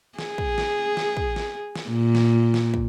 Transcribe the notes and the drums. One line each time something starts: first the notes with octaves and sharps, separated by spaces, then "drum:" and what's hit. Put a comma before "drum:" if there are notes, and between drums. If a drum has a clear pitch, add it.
G#4, drum: snare
drum: kick
drum: snare
drum: snare
drum: kick
drum: snare
drum: snare
A#2
drum: snare
drum: snare
drum: kick